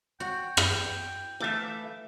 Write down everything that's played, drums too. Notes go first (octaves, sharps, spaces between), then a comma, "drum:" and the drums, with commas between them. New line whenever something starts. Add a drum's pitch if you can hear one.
F#4 G5
drum: rim click
E3 A3 E5 F5 D6